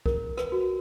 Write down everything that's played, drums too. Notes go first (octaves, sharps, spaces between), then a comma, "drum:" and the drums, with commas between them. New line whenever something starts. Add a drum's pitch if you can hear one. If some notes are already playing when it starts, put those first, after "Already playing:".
A#4, drum: kick B1
B4, drum: rim click
F#4